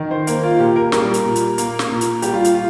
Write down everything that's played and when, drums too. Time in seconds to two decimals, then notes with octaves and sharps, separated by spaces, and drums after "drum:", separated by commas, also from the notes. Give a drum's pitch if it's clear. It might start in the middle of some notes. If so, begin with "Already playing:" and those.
Already playing: D#3
0.11 C5
0.27 A#3 A#4, drum: hi-hat
0.43 F4
0.59 A#2 G4
0.76 A#4
0.92 G3 A#4, drum: snare
1.14 drum: hi-hat
1.24 A#2
1.36 drum: hi-hat
1.58 A#3, drum: hi-hat
1.79 drum: snare
1.90 A#2
2.01 drum: hi-hat
2.22 G3 G4, drum: hi-hat
2.34 F4
2.44 drum: hi-hat
2.55 F4